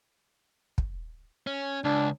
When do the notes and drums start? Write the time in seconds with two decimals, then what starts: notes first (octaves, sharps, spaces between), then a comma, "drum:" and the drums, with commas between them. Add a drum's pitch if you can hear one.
0.78 drum: kick
1.47 C#4
1.84 C#2 D4